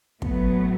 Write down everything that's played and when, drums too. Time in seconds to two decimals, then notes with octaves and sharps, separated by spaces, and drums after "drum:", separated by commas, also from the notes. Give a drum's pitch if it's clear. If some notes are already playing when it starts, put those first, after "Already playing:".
0.22 A2 F#3 A3 B3, drum: kick